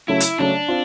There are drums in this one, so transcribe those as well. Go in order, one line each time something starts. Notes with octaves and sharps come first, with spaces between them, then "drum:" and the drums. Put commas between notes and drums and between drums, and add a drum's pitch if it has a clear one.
C#3 F#3 A3 E4
drum: hi-hat
C#3 F#3 A3 D4
C4 F4